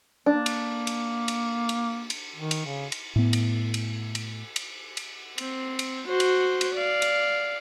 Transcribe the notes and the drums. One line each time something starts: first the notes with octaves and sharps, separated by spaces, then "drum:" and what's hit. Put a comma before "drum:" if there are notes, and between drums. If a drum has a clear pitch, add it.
A#3 D4
drum: cymbal
drum: cymbal
drum: cymbal
drum: cymbal
drum: cymbal
D#3
drum: cymbal
C#3
drum: cymbal
A2 B3
drum: cymbal
drum: cymbal
drum: cymbal
drum: cymbal
drum: cymbal
C4, drum: cymbal
drum: cymbal
F#4 C5
drum: cymbal
drum: cymbal
D5 F5
drum: cymbal